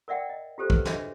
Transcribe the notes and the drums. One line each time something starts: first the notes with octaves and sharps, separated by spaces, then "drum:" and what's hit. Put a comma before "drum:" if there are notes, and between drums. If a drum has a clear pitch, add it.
A#4 D5 E5 F#5 G5
D#5
F4 G4 A4 C5
B4, drum: kick
D4 F#4 G#4 C#5 D#5 E5, drum: snare